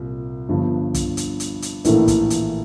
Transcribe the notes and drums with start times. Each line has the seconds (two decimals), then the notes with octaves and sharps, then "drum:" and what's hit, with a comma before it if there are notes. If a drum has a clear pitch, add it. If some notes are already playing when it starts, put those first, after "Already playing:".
Already playing: C2 A#2
0.49 G1 G2 F3
0.94 drum: kick, hi-hat
1.17 drum: hi-hat
1.40 drum: hi-hat
1.62 drum: hi-hat
1.85 A#1 A2 E3 A#3 E4, drum: hi-hat
2.08 drum: kick, hi-hat
2.30 drum: hi-hat